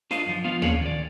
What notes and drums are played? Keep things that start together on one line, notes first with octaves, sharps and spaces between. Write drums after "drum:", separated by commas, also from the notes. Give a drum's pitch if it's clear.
D4 F4 D#5 F5, drum: snare
F#2 F3
F3 B3 F4 F5
A3 A#3 C#4 D4 G#4 C#5, drum: tom
D#3 D5